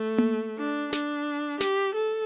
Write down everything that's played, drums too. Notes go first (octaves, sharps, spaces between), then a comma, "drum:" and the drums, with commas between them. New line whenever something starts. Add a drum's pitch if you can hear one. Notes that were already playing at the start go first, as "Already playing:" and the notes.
Already playing: A3
drum: tom A#3
D4
D4, drum: snare
G4, drum: snare
A4